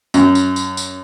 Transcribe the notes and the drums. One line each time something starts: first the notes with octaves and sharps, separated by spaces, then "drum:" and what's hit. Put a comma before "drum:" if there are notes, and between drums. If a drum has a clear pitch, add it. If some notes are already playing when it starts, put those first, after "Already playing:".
F#2, drum: tambourine
drum: tambourine
drum: tambourine
drum: tambourine